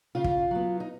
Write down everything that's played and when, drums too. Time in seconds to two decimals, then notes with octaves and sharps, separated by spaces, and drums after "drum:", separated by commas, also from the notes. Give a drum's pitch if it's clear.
0.15 C#3 F4
0.24 drum: kick
0.51 F#3 B3
0.80 D#4